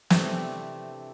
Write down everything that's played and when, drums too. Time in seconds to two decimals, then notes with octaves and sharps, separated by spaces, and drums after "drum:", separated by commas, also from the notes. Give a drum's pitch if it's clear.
0.10 C3 E3 A3 C4 D4, drum: snare